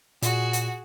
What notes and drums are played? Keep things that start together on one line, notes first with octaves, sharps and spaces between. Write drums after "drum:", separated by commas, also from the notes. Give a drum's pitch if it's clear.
A#2 F#4 G#4, drum: hi-hat
drum: hi-hat